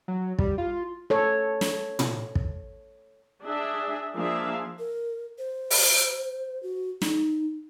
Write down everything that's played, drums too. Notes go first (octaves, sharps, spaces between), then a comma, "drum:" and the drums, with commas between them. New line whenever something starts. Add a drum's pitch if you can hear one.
F#3
G3, drum: kick
F4
A4 C#5
drum: snare
drum: tom
drum: kick
D4 G#4 E5
F3 A#3 D4 G#4 E5 F5
A#4
C5
drum: open hi-hat
F#4
D#4, drum: snare